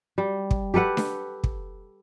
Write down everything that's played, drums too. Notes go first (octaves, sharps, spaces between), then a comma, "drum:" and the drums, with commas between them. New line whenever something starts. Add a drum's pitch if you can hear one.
G3
drum: kick
G4 A4 B4 F#5
drum: snare D4
drum: kick